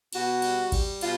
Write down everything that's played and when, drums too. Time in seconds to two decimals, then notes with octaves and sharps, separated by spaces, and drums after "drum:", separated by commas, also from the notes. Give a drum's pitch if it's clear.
0.13 B2 F#4, drum: cymbal
0.42 G3, drum: cymbal
0.72 G3, drum: kick G#1, cymbal
1.01 B2 F4, drum: cymbal